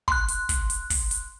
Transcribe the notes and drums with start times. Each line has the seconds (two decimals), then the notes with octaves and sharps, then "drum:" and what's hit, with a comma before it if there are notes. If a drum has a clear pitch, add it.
0.08 C6 F#6, drum: kick
0.28 drum: hi-hat
0.49 drum: kick, hi-hat
0.70 drum: hi-hat
0.90 drum: kick, open hi-hat
1.11 drum: hi-hat